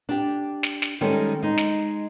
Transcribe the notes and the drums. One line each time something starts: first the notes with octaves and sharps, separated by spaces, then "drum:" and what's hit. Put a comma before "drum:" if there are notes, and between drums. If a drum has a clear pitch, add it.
D4 G4
drum: snare
drum: snare
D#3 G3 G#3 C#4 A4
G#3 D#4
drum: snare